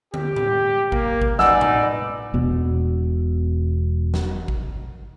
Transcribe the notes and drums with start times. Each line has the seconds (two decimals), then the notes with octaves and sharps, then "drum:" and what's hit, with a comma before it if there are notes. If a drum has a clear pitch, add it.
0.14 G4, drum: tom
0.36 drum: tom A2
0.92 A#3, drum: kick A1
1.21 drum: kick A1
1.39 D#4 B4 D5 F#5 G#5 E6, drum: snare
1.61 drum: tom A2
2.34 E1 B2
4.14 drum: snare
4.48 drum: kick A1